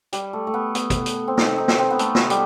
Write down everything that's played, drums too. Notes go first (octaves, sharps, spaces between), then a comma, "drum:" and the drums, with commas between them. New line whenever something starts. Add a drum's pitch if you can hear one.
G3, drum: hi-hat
A3
A3
B3
B3, drum: hi-hat
drum: kick, hi-hat
drum: hi-hat
C4
D#4, drum: snare
D#4
drum: snare
C4
B3
A3, drum: hi-hat
drum: snare
G3, drum: hi-hat